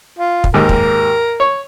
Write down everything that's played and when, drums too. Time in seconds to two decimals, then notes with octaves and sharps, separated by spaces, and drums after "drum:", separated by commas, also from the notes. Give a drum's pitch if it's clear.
0.19 F4
0.44 drum: kick
0.54 D#2 G#2 G4 A#4
0.69 drum: kick
1.40 C#5